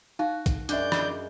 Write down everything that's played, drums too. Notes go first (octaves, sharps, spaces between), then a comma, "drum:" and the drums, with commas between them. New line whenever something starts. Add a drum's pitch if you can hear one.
D#4 F#4 F5
drum: kick, hi-hat
F#2 G#3 D4 D5 E5 F#5 G6, drum: hi-hat
drum: rim click